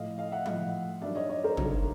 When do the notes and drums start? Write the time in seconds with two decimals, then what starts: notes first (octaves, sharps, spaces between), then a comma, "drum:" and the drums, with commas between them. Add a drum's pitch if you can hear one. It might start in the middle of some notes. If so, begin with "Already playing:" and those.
Already playing: A2 F3 D#5 F5
0.18 D#5 F5
0.32 E5 F#5
0.46 A2 F3 D#5 F5, drum: tom F3
1.02 G2 D#3 F#3 D5 E5
1.15 C#5 D#5
1.29 C#5 D#5
1.44 A#4 C5
1.57 G2 D#3 F#3, drum: tom